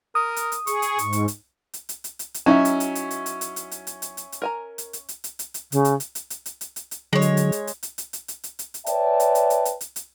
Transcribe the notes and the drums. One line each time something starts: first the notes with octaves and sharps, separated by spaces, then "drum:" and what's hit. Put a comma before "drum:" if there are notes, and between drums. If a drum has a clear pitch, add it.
A#4 D#6
drum: hi-hat
drum: hi-hat
G#4 C#6, drum: hi-hat
drum: hi-hat
G#2, drum: hi-hat
drum: hi-hat
drum: hi-hat
drum: hi-hat
drum: hi-hat
drum: hi-hat
drum: hi-hat
drum: hi-hat
F#3 C#4 D#4 E4 E5
drum: hi-hat
drum: hi-hat
drum: hi-hat
drum: hi-hat
drum: hi-hat
drum: hi-hat
drum: hi-hat
drum: hi-hat
drum: hi-hat
drum: hi-hat
drum: hi-hat
drum: hi-hat
A#4 G#5 A#5
drum: hi-hat
drum: hi-hat
drum: hi-hat
drum: hi-hat
drum: hi-hat
drum: hi-hat
C#3, drum: hi-hat
drum: hi-hat
drum: hi-hat
drum: hi-hat
drum: hi-hat
drum: hi-hat
drum: hi-hat
drum: hi-hat
drum: hi-hat
D3 F#3 G#3 C#5
drum: hi-hat
drum: hi-hat
drum: hi-hat
drum: hi-hat
drum: hi-hat
drum: hi-hat
drum: hi-hat
drum: hi-hat
drum: hi-hat
drum: hi-hat
drum: hi-hat
B4 C#5 D5 E5 G5 A5, drum: hi-hat
drum: hi-hat
drum: hi-hat
drum: hi-hat
drum: hi-hat
drum: hi-hat
drum: hi-hat